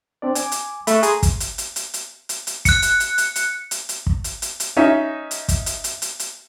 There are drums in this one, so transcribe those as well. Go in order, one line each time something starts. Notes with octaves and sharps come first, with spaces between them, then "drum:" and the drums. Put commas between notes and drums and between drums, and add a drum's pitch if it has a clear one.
C4 D4 D5
G#5 D6, drum: hi-hat
drum: hi-hat
A3 B5 C#6 F#6, drum: hi-hat
G#4 A#5 C6, drum: hi-hat
drum: kick, hi-hat
drum: hi-hat
drum: hi-hat
drum: hi-hat
drum: hi-hat
drum: hi-hat
drum: hi-hat
F#6 C#7, drum: kick, hi-hat
drum: hi-hat
drum: hi-hat
drum: hi-hat
drum: hi-hat
drum: hi-hat
drum: hi-hat
drum: kick
drum: hi-hat
drum: hi-hat
drum: hi-hat
C#4 D#4 E5
drum: hi-hat
drum: kick, hi-hat
drum: hi-hat
drum: hi-hat
drum: hi-hat
drum: hi-hat